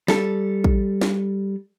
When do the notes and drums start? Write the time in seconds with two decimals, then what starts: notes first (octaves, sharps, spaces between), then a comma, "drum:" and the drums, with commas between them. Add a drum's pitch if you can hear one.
0.08 G3 A4, drum: snare
0.64 drum: kick
1.01 drum: snare